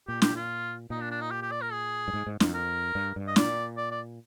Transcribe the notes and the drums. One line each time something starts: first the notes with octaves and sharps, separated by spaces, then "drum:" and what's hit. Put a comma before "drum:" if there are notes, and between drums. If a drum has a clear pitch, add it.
A#2 G4
G4, drum: snare
F4
A#2 D#4
D4
D4
D#4
G4
G4
D5
A#4
G#4
G2
G#2
G#2
F2, drum: snare
A#4
G2
G2
D#5
A#2 D5, drum: snare
D5
D5